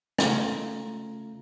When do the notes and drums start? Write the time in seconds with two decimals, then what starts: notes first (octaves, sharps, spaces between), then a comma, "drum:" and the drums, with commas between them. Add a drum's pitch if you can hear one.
0.19 C#3 A3 F4 A#5, drum: rim click